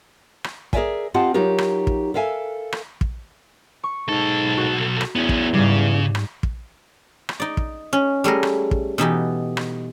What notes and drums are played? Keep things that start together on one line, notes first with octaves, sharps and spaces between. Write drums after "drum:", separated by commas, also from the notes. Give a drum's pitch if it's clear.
drum: rim click
G#4 A#4 C5 D5 E5 G#5, drum: kick
C4 F4 G4 D#5 F#5 A5
F#3 D#4 F4 G4 A#4
drum: rim click
drum: kick
A4 A#4 E5 F5 G#5
drum: rim click
drum: kick
C#6
B1 G#2 A4
F#4
drum: rim click
E2 B3 C#4
drum: kick
G#2 C#3 G3
drum: rim click
drum: kick
drum: rim click
D#4 D5
drum: kick
C#4
G3 A3 G#4 A#4
drum: rim click
drum: kick
B2 E3 D#4 G4
drum: rim click